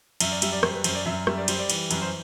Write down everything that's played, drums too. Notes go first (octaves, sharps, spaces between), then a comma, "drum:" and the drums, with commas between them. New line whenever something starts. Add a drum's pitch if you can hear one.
F#2 E5, drum: cymbal
D5
G3 E5, drum: cymbal
D5
F#2 C5, drum: rim click
B4
F#2 C5, drum: cymbal
D5
F#2 E5
G3 E5, drum: rim click
D5
G3 C5, drum: cymbal
D5
E3, drum: cymbal
F#2 B4, drum: cymbal
C5